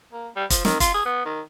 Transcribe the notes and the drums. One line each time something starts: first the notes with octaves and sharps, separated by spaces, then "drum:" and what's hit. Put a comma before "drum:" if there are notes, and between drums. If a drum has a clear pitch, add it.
A#3
G3
F3, drum: kick, hi-hat
D#3, drum: snare
F4, drum: kick, hi-hat
G#4
B3
D#3